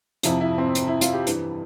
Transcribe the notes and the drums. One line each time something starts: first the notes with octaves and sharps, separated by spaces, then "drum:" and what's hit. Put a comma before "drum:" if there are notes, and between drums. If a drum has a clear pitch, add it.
F2 C3 F3 E4, drum: hi-hat
E4
C4
drum: hi-hat
E4
F4, drum: hi-hat
G4
G2 E3, drum: hi-hat